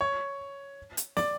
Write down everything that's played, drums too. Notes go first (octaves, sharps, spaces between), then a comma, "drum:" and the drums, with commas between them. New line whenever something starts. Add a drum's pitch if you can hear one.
C#5
drum: hi-hat
D5, drum: snare